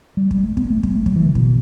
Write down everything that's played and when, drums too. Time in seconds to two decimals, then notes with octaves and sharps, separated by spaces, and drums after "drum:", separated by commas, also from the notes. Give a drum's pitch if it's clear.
0.17 G3
0.31 G3, drum: kick
0.43 A3
0.57 B3, drum: kick
0.70 A3
0.83 G3, drum: kick
0.95 A3
1.06 F#3, drum: kick
1.16 E3
1.26 D3
1.35 B2, drum: kick